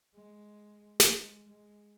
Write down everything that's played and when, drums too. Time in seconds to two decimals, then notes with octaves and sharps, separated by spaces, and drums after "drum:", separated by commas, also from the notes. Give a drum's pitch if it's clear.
0.15 G#3
1.00 drum: snare
1.16 G#3
1.49 G#3